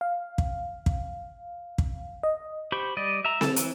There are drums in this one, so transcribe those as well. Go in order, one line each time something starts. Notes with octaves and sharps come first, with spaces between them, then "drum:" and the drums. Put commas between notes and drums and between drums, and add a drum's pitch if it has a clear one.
F5
drum: kick
drum: kick
drum: kick
D#5
G4 C5 B5 C#6
G3 D5 D#5
E5 A#5
A4, drum: snare C4
E3, drum: hi-hat